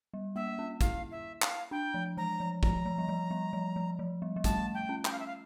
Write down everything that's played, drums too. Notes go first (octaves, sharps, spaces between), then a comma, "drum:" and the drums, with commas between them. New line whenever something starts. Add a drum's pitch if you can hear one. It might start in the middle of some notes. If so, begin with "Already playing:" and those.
G3
A#3 E5
C#4
E4 F5, drum: kick, hi-hat
E5
F5, drum: clap
D4 G5
F3
E3 A#5
F3
F3 A#5, drum: kick
F3
G3
F3
G3
F3
F3
F3
G3
G3
A3 A5, drum: kick, hi-hat
G5
C#4
G5, drum: clap
F5
E5
F5